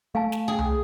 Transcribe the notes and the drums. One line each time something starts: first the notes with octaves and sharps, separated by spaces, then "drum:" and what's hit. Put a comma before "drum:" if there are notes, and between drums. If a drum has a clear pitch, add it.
A3 F5 G#5 A5
drum: snare
G#4
drum: tom C2